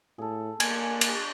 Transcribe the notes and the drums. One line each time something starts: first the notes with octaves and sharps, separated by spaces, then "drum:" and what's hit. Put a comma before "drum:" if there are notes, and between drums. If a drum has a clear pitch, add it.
A2 G#4 A4
A#3 G#5, drum: cymbal
drum: cymbal